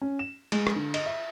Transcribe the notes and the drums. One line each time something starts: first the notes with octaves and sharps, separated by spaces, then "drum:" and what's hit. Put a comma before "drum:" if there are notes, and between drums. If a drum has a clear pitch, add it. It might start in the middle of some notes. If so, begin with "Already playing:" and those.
C#4
E7
G#3, drum: cymbal
drum: rim click
D3
D#5, drum: cymbal
E5